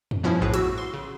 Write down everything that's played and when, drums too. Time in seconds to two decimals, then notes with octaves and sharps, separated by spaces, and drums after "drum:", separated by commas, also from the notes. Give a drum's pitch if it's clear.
0.11 drum: tom F2
0.23 G2 B2 F3 B3 C#4 E4
0.41 A#1 A2 G#4 B4
0.54 F#4 E6, drum: hi-hat
0.78 C6
0.93 C#3